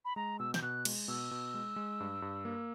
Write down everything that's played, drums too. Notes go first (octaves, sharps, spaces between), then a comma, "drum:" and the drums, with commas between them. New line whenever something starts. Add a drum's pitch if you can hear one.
B5
G#3 A#5
B2 E6
G6, drum: snare
B2 F#6
G#3, drum: cymbal
B2 E6
B2
G#3
G#3
G2
G2
A#3